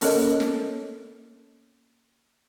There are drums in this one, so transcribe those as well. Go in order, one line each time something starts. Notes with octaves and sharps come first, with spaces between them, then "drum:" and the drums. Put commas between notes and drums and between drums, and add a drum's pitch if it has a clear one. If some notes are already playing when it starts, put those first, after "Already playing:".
A#3 C#4 A4 A#4 C#5 D#5, drum: open hi-hat
drum: snare